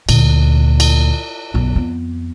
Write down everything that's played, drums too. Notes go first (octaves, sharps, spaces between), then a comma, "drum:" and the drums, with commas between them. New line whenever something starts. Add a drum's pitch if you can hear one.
D2 A#2, drum: cymbal
drum: cymbal
B1 F#2
F2 B3